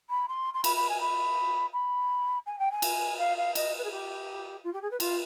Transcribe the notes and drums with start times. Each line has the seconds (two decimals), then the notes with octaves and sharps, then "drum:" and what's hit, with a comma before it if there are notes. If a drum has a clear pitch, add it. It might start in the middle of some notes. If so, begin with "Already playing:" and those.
0.10 B5
0.28 C6
0.54 C6
0.64 B5, drum: cymbal
0.76 B5
0.89 G#5
1.01 B5
1.73 B5
2.46 G#5
2.59 G5
2.72 G#5
2.82 drum: cymbal
3.19 F5
3.37 F5
3.55 D#5, drum: cymbal
3.78 B4
3.84 G#4
3.91 G4
4.64 F4
4.73 G4
4.82 G#4
4.91 B4
5.00 F4, drum: cymbal